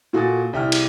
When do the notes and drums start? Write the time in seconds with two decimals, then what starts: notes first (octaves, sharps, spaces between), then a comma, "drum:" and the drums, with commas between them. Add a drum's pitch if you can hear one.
0.13 A#2 F#4 A4 G#5 D#6 A6
0.53 C2 E4 G5 F6
0.72 drum: cymbal